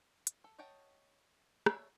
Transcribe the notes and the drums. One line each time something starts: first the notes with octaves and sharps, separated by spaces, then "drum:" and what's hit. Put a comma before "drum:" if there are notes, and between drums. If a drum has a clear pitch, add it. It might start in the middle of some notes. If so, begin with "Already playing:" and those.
drum: hi-hat
A4
C#5 D#5 F#5 G5 A5
D4 A4 C#5 E5, drum: rim click